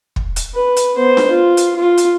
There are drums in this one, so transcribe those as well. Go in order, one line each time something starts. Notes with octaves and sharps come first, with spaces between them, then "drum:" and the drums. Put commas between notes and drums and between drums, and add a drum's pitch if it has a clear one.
drum: kick
drum: hi-hat
B4
drum: hi-hat
B3 C5
drum: snare D4
F4
drum: hi-hat
F4
drum: hi-hat